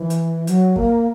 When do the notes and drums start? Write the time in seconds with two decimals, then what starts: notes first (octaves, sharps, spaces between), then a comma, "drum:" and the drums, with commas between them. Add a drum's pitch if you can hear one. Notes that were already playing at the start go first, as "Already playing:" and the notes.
Already playing: E3
0.10 drum: hi-hat
0.47 F#3, drum: hi-hat
0.76 A#3, drum: kick